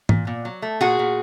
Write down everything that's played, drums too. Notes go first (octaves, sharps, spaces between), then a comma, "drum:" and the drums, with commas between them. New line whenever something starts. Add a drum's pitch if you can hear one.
A#2, drum: tom
A#2
F#3
A3
A#2 F#4 G#4
A#2